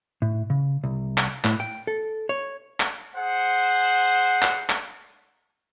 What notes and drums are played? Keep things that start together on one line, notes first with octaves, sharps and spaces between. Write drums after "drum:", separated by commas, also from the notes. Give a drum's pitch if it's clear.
A2
C#3
C2
drum: clap
A2, drum: clap
G5
A4
C#5
drum: clap
G#4 C5 F#5
drum: clap
drum: clap